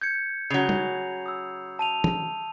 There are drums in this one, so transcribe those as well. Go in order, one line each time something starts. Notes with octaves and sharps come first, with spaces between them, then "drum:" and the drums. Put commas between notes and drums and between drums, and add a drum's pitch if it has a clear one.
G6 G#6 C#7
C#3 F#3 C7 F7
drum: tom G3
D#6 E6
A5 D#7 F7
drum: tom E3